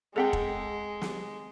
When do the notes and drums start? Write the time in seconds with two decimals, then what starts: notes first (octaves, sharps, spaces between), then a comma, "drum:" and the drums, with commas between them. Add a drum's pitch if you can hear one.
0.16 G#3 C4 G#4 A4 F#5 G5
0.33 drum: kick E1
1.01 drum: snare